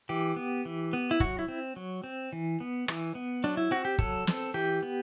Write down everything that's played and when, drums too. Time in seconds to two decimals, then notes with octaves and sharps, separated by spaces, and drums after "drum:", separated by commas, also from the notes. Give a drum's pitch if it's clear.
0.09 E3 G4
0.36 B3
0.65 E3
0.93 B3
1.11 E4
1.20 F#3 F#4, drum: kick
1.39 E4
1.48 C4
1.76 F#3
2.04 C4
2.33 E3
2.60 B3
2.88 E3, drum: rim click
3.15 B3
3.44 F#3 D4
3.57 E4
3.71 C4 F#4
3.85 G4
3.98 F#3 A4, drum: kick
4.27 C4, drum: snare
4.54 E3 G4
4.83 B3